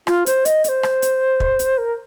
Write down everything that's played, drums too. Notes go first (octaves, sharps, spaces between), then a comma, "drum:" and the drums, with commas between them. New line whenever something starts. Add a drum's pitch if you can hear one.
F4, drum: rim click
C5, drum: hi-hat
D#5, drum: hi-hat
D#5, drum: hi-hat
C5
drum: rim click
drum: hi-hat
drum: kick
drum: hi-hat
A#4